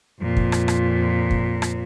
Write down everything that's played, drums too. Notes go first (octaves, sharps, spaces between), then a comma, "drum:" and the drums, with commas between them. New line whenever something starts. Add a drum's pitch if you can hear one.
F2 A#2
drum: kick
drum: rim click
drum: rim click
drum: kick
drum: rim click